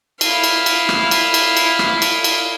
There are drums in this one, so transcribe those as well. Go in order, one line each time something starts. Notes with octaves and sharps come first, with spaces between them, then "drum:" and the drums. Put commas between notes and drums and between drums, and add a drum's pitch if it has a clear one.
E4 F5, drum: cymbal
drum: cymbal
drum: cymbal
drum: rim click
drum: cymbal
drum: cymbal
drum: cymbal
drum: rim click
drum: cymbal
drum: cymbal